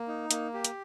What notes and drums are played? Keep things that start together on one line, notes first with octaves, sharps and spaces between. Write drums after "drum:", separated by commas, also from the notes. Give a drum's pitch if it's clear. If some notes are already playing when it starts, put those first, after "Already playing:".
Already playing: A#3
D#4
A#3, drum: hi-hat
G4
drum: hi-hat